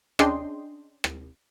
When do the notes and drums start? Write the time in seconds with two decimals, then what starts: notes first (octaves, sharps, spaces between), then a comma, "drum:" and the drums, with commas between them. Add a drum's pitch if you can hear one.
0.19 C#4 D4 G#4 D#5 G5 C6, drum: rim click
1.04 drum: rim click